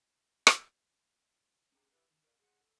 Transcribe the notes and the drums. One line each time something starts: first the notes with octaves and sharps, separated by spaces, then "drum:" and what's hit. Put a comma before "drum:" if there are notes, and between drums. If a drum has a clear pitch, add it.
drum: rim click
C#4 D4 G4 G#4 A#5
E4 G4 B4
D#3
A#4 D5
G#4 F#5
A4